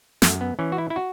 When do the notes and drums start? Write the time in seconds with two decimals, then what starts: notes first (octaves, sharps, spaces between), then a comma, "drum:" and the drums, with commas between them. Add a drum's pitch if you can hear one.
0.22 F#2 A3, drum: snare
0.41 B3
0.59 E3 C#4
0.72 F#4
0.78 E4
0.90 E4
0.96 F#4